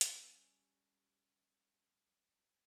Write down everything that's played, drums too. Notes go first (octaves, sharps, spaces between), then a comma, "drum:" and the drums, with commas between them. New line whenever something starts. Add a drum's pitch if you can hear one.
G3 C#4 A4, drum: hi-hat